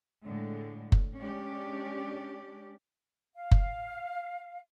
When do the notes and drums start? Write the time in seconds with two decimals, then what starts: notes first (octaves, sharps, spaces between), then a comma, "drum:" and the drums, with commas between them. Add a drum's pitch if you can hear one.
0.24 A2 D3 G#3
0.92 drum: kick F#1
1.19 G#3 C#4 D4 G4 D5
3.35 F5
3.51 drum: kick F#1